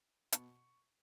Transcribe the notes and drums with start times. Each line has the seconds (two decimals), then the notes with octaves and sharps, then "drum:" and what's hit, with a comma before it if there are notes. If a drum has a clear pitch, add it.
0.32 B2 C#6, drum: hi-hat